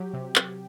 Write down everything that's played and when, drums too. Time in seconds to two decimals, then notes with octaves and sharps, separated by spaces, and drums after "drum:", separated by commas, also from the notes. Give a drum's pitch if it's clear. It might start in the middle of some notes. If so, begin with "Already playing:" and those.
Already playing: F#3 G4
0.13 C3
0.36 drum: clap